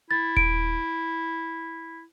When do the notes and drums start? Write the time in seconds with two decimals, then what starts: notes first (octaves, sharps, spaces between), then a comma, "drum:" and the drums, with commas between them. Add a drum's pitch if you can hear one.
0.11 E4 A6
0.37 D7, drum: kick D#1